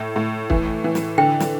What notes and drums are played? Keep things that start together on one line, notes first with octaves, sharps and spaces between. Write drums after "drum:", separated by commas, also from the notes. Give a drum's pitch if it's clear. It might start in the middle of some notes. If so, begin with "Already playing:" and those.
Already playing: A2 E5
A2
E3, drum: kick
E3
drum: snare
D3 G5
drum: snare